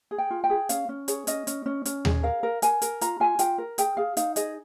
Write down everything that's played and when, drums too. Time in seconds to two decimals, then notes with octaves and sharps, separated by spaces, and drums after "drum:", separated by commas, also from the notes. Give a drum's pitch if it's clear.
0.11 G#4
0.18 G5
0.31 F4
0.44 G5
0.50 G#4
0.69 C#4 F5, drum: hi-hat
0.89 C#4
1.08 G#4 C#5, drum: hi-hat
1.27 C#4 D#5, drum: hi-hat
1.47 C#4, drum: hi-hat
1.66 C#4
1.85 C#4, drum: hi-hat
2.05 G#4, drum: tom D#2
2.23 A#4 F5
2.43 A#4
2.62 A#4 G#5, drum: hi-hat
2.82 A#4, drum: hi-hat
3.01 F4 A#5, drum: hi-hat
3.20 F4 G#5
3.39 F4 G5, drum: hi-hat
3.58 A#4
3.78 G#4 G5, drum: hi-hat
3.97 G#4 F5
4.17 D#4 F5, drum: hi-hat
4.36 G#4 D#5, drum: hi-hat